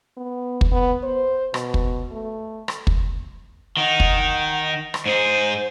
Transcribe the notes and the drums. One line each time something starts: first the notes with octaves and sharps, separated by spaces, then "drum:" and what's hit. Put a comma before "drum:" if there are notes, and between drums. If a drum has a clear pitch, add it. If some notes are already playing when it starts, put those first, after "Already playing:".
B3
drum: kick
B3
C5
B2, drum: rim click
drum: kick
A3
drum: rim click
drum: kick
D#3 D#4 F#5
drum: kick
drum: rim click
G#2 G#4 C5